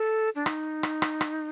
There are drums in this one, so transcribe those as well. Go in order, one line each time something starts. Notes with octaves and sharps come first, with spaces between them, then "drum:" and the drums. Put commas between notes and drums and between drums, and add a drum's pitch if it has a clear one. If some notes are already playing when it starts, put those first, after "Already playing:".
Already playing: A4
D4
D#4, drum: rim click
drum: rim click
drum: rim click
drum: rim click